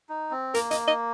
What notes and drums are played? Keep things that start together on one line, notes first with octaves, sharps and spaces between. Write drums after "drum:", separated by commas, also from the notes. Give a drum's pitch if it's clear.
D#4
C4
A#3 A#4, drum: hi-hat
D#5, drum: hi-hat
D#5